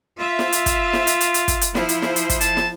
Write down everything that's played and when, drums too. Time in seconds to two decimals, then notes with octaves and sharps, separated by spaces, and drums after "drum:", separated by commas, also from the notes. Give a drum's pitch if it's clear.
0.19 F4 E5
0.39 drum: snare
0.52 drum: hi-hat
0.66 drum: kick, hi-hat
0.93 drum: snare
1.07 drum: hi-hat
1.21 drum: hi-hat
1.34 drum: hi-hat
1.48 drum: kick, hi-hat
1.61 drum: hi-hat
1.75 F3 E4 C5, drum: snare
1.89 drum: hi-hat
2.02 drum: snare
2.16 drum: hi-hat
2.30 drum: kick, hi-hat
2.41 A5, drum: hi-hat
2.57 drum: snare